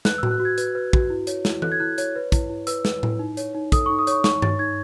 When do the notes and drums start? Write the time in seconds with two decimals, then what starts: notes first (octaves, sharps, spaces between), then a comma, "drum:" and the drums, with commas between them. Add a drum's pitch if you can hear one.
0.05 B4 F#6, drum: snare
0.18 E6
0.23 F#4, drum: tom A2
0.31 F#6
0.40 F#4
0.45 G#6
0.58 B4, drum: hi-hat
0.75 B4
0.93 F#4, drum: kick
1.10 E4
1.27 C#5, drum: hi-hat
1.45 E4, drum: snare
1.62 A4 F#6, drum: tom E3
1.72 G#6
1.80 E4 F#6
1.98 C#5, drum: hi-hat
2.16 B4
2.32 E4, drum: kick, hi-hat
2.50 E4
2.67 B4 E6, drum: hi-hat
2.85 B4, drum: snare
3.03 E4, drum: tom A2
3.19 D#4
3.37 C#5, drum: hi-hat
3.55 D#4
3.72 A4 D#6, drum: kick, hi-hat
3.86 C#6
3.90 D#4
3.99 D#6
4.07 C#5 C#6, drum: hi-hat
4.24 D#4 C#6, drum: snare
4.42 C#5 A6, drum: tom G2
4.59 D#4 G#6